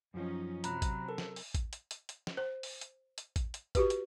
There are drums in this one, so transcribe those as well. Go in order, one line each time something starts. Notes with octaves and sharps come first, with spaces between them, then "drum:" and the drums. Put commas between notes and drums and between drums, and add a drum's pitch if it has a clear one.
F#2 F3 C#4 D#4
C3 F#3 C4 A#5 B5 F#6, drum: hi-hat
drum: kick A1, hi-hat
A4 A#4
drum: snare
drum: open hi-hat
drum: kick A1, hi-hat
drum: hi-hat
drum: hi-hat
drum: hi-hat
drum: snare
C5
drum: open hi-hat
drum: hi-hat
drum: hi-hat
drum: kick A1, hi-hat
drum: hi-hat
F#4 G4 B4, drum: kick A1, hi-hat
drum: hi-hat